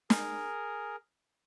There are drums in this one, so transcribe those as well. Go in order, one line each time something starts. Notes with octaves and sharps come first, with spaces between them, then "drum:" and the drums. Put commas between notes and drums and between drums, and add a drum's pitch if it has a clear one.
G#4 A#4, drum: snare